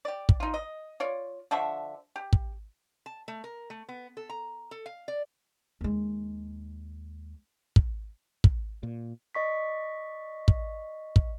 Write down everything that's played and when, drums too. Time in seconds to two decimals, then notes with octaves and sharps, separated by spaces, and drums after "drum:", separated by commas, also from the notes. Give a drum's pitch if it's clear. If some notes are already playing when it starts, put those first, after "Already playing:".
0.05 G4 D5
0.29 drum: kick
0.40 D#4 F4
0.54 D#5
1.00 F4 C#5 D5
1.51 D3 F3 E5 C#6
2.16 G4
2.33 drum: kick
3.06 A5
3.28 A3
3.44 A#4
3.70 A3
3.89 B3
4.17 A4
4.30 A#5
4.71 A4
4.86 F5
5.08 D5
5.81 D#2 G#3
7.76 drum: kick
8.44 drum: kick
8.83 A#2
9.35 D5 D#5 C#6 B6
10.48 drum: kick
11.16 drum: kick